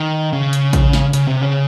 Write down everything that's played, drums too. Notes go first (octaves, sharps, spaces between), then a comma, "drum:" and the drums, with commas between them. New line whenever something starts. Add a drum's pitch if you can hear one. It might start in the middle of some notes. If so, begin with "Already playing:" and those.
Already playing: D#3
C#3
drum: hi-hat
drum: kick, hi-hat
drum: snare
C#3, drum: hi-hat
C3
C#3